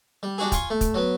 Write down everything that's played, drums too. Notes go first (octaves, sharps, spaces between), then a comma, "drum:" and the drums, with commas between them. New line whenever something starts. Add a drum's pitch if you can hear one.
G3
G3 D4 F#4 G#4
F4 G#5 C6 C#6, drum: kick, hi-hat
A3
drum: kick, hi-hat
F#3 B3